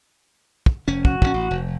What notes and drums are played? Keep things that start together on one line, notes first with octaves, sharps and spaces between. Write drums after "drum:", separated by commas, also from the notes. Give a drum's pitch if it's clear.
drum: kick
F1 C#4
F#4, drum: kick
A#1 D#3 C#4, drum: kick
A1
F1